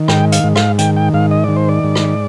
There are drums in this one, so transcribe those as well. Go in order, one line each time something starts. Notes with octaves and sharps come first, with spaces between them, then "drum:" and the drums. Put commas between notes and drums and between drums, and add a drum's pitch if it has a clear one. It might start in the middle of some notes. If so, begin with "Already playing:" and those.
Already playing: D#3
G#2 G5, drum: rim click
F5, drum: hi-hat
G#2
F5, drum: rim click
D#3 G5, drum: hi-hat
G5
G#2 F5
D#5
D#3 D5
C5
D5
G#2
drum: rim click